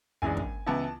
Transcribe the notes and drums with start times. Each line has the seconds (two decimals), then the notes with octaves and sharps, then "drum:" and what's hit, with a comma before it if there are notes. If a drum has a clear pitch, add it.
0.22 F#1 F#2 E3 G#3 D4 G#5
0.37 drum: kick
0.66 C#2 C#3 E3 B3 E4 A5